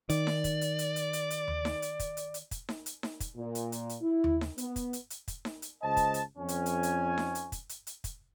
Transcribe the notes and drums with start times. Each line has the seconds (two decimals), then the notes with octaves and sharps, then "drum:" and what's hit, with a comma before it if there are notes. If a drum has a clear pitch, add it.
0.10 D#3 D5, drum: hi-hat
0.27 drum: snare D#4
0.44 drum: kick, hi-hat
0.61 drum: hi-hat
0.79 drum: hi-hat
0.96 drum: hi-hat
1.13 drum: hi-hat
1.30 drum: hi-hat
1.48 drum: tom D#2
1.65 drum: snare D#4
1.82 drum: hi-hat
2.00 drum: kick, hi-hat
2.17 drum: hi-hat
2.34 drum: hi-hat
2.51 drum: kick, hi-hat
2.69 drum: snare D#4
2.86 drum: hi-hat
3.03 drum: snare D#4
3.20 drum: kick, hi-hat
3.35 A#2
3.55 drum: hi-hat
3.72 drum: hi-hat
3.89 drum: hi-hat
4.01 E4
4.24 drum: tom D#2
4.41 drum: snare D#4
4.58 B3, drum: hi-hat
4.76 drum: kick, hi-hat
4.93 drum: hi-hat
5.10 drum: hi-hat
5.28 drum: kick, hi-hat
5.45 drum: snare D#4
5.62 drum: hi-hat
5.83 C#2 C5 D#5 A5
5.97 drum: kick, hi-hat
6.14 drum: hi-hat
6.38 F2 C#4 G#5
6.48 drum: hi-hat
6.66 drum: hi-hat
6.83 drum: hi-hat
7.18 drum: snare D#4
7.35 drum: hi-hat
7.52 drum: kick, hi-hat
7.69 drum: hi-hat
7.87 drum: hi-hat
8.04 drum: kick, hi-hat